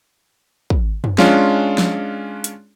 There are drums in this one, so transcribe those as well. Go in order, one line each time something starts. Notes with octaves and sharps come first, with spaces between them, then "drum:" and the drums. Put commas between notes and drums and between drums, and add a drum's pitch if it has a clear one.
drum: kick
drum: tom
G#3 C#4 D4 F4, drum: snare
drum: snare
drum: hi-hat